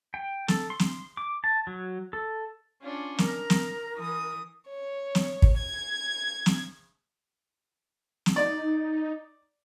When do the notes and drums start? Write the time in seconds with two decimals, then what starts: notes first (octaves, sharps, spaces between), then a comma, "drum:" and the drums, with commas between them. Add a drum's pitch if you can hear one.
0.14 G5
0.48 A4, drum: snare
0.70 C6
0.79 drum: snare
1.17 D6
1.44 A5
1.67 F#3
2.13 A4
2.82 C#4 D4 F4
3.18 A#4 A#5, drum: snare
3.50 drum: snare
3.96 E3 D#6
4.68 C#5
5.15 drum: snare
5.42 drum: kick
5.57 G#6
6.46 drum: snare
8.26 drum: snare
8.36 D#4 D5